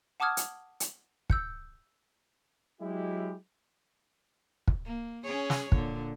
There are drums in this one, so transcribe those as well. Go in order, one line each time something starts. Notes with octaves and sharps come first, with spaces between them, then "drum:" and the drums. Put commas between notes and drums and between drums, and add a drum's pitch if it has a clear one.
F#5 A5 D6 D#6 F6 G#6
drum: hi-hat
drum: hi-hat
E6 G6 C#7, drum: kick
F#3 G#3 E4 G4
drum: kick
A#3
C#4 G#4 C#5
drum: snare
A#2 D3, drum: kick